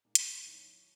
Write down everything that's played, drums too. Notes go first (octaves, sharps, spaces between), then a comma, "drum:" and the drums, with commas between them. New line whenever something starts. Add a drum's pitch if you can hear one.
A#2 G#3 D#4 A#4
drum: hi-hat
D#2 D#3 F#3 C#4 E4